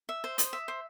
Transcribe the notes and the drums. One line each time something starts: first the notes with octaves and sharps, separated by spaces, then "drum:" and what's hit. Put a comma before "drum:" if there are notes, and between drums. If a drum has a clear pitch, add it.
E5
C5
D#6, drum: hi-hat
E5
C5